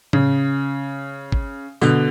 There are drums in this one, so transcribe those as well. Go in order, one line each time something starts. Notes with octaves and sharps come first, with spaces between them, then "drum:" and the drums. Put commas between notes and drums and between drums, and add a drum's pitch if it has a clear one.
C#3, drum: tom A2
drum: kick
B2 D3, drum: tambourine